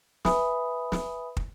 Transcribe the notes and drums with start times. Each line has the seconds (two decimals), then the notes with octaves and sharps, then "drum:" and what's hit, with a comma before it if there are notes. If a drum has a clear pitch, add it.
0.25 B4 E5 G#5 B5 D#6, drum: snare
0.92 drum: snare
1.37 drum: kick